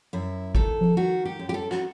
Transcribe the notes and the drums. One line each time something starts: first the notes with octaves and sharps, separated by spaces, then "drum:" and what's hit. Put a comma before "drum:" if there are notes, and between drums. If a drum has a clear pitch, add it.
F#2 E4
D#3 A4, drum: kick G#1
drum: tom F3
D#3 F#4
G4
F#2
G4
A4
F#4, drum: rim click